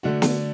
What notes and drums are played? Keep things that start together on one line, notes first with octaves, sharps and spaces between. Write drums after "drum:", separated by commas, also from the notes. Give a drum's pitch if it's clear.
D3 A3 D4 F#4
drum: snare